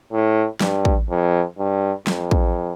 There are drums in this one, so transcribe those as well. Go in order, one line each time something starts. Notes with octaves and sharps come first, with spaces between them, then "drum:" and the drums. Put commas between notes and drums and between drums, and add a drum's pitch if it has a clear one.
A2
G2, drum: snare
drum: kick
F2
G2
F2, drum: snare
drum: kick